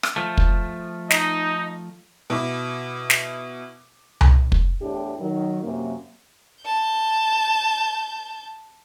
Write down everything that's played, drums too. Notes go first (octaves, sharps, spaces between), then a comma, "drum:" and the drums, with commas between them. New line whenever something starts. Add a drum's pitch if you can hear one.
drum: rim click
F3 A3
drum: kick
D#4 D#5, drum: snare
B2 E4 D6
drum: snare
drum: tom C2
drum: kick
E2 A2 D4 G4
D#3 F#3
F#2 C3 A#3
A5 G6